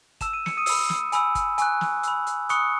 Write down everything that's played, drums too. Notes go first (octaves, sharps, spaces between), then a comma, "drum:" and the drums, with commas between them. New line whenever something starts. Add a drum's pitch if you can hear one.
A5 E6 E7, drum: kick G1, hi-hat
D#7
C#7, drum: snare
D#6 D#7
B5 E6, drum: open hi-hat
drum: snare
G#5 B5 E6, drum: hi-hat
drum: kick G1, hi-hat
G#5 C#6 F#6, drum: hi-hat
drum: snare
B5 E6, drum: hi-hat
drum: hi-hat
B5 C#6 D#6 F#6 C#7, drum: hi-hat